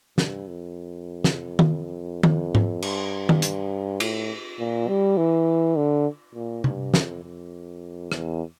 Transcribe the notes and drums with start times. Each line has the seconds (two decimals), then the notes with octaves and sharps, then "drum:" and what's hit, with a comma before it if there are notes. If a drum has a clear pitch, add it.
0.18 G2, drum: snare
0.47 F2
1.24 drum: snare
1.59 drum: tom D#3
2.23 F2, drum: tom D#3
2.55 drum: tom G#2
2.82 G2, drum: cymbal
3.29 drum: tom D#3
3.42 drum: hi-hat
4.00 A2, drum: cymbal
4.59 A#2
4.88 G3
5.18 E3
5.76 D3
6.35 A#2
6.64 G2, drum: tom C3
6.94 F2, drum: snare
7.23 F2
8.12 E2, drum: rim click